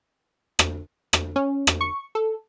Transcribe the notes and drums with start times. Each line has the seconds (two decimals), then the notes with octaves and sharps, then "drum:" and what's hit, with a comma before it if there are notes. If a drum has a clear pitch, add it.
0.59 drum: rim click
1.13 drum: rim click
1.36 C#4
1.67 drum: rim click
1.81 C#6
2.15 A4